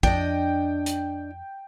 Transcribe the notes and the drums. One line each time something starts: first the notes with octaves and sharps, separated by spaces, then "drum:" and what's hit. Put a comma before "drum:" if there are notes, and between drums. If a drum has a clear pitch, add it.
F2 D4 D#5 G5, drum: kick
drum: hi-hat